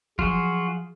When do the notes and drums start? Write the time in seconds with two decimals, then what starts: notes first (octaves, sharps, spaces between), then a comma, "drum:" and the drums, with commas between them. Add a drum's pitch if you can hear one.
0.19 F3 F#3 F4 F#4 G#4, drum: kick F1